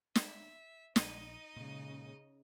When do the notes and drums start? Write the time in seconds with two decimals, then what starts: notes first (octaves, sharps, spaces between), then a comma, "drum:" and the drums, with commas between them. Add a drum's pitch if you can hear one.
0.15 E5, drum: snare
0.96 A#1 D#4 D#5, drum: snare
1.56 A#2 C#3 G#3